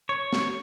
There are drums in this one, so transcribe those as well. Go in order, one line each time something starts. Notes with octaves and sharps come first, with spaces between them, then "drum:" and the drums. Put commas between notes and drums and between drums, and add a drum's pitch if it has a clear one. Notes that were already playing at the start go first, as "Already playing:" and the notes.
C#5
drum: snare